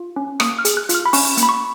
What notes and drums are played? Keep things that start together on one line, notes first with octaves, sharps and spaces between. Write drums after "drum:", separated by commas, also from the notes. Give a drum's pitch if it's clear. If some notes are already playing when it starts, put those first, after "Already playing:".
Already playing: F4
C#4
A#3 D#6, drum: rim click
F6
G#4, drum: hi-hat
F#6
F4, drum: hi-hat
F6
B5
C#4 C#6, drum: open hi-hat
A#3, drum: hi-hat
B5
C#6